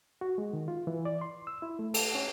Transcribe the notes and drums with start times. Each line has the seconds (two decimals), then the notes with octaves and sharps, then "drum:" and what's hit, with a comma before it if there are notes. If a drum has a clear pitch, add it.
0.21 F#4
0.38 G#3
0.53 D#3
0.68 F4
0.87 E3
1.05 D5
1.21 C6
1.47 E6
1.62 E4
1.79 A3
1.94 A4, drum: cymbal
2.15 C#4